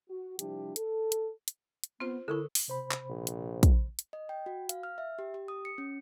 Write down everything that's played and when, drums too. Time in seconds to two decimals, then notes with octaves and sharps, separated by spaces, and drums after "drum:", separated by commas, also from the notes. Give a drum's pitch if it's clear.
0.10 F#4
0.39 C3 F3 G3 D4 E4 G4, drum: hi-hat
0.76 A4, drum: hi-hat
1.12 drum: hi-hat
1.48 drum: hi-hat
1.84 drum: hi-hat
2.00 B3 C4 F4 C5
2.28 D3 E4 A4 A#4 C#6
2.55 drum: open hi-hat
2.68 C3 C5 B5
2.91 drum: clap
3.09 A#1
3.27 drum: hi-hat
3.63 drum: kick, hi-hat
3.99 drum: hi-hat
4.13 D#5
4.29 G5
4.46 F#4
4.69 F5, drum: hi-hat
4.83 F6
4.98 E5
5.19 G4
5.34 G4
5.48 D#6
5.65 C#7
5.78 C#4